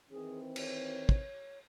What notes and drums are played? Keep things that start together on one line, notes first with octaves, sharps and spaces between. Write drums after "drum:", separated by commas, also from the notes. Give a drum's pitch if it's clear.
D#3 E3 C4 G#4
C#5, drum: cymbal
drum: kick